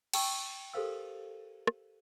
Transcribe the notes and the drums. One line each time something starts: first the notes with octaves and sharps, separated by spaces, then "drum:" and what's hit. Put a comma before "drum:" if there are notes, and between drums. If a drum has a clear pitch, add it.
G5 A5 C#6 E6, drum: cymbal
G4 A4 A#4 C5 F5 E6
drum: rim click